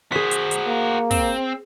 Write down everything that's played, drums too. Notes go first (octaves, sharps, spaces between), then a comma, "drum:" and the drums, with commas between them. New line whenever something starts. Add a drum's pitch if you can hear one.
F#4 G#4 C5 B6
drum: hi-hat
drum: hi-hat
A#3
C4, drum: kick, open hi-hat